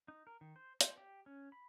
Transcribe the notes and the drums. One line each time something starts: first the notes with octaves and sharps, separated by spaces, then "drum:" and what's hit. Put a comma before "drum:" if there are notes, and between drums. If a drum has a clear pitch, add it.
D#4
A#4
D#3
C5
C5, drum: hi-hat
G4
C#4
B5